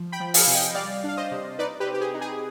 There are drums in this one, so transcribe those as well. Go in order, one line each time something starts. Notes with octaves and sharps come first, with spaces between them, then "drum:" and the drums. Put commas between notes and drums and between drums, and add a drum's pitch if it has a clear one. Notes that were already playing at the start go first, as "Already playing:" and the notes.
Already playing: F3
G5 B5
F3
F5 G#5, drum: open hi-hat
C3 F5
D#5 G5
G3 D5 F5
D4 F5
C5 D#5
C3
D#4 B4 D5
G4 B4
C4
G4
G#4
D#4
G#4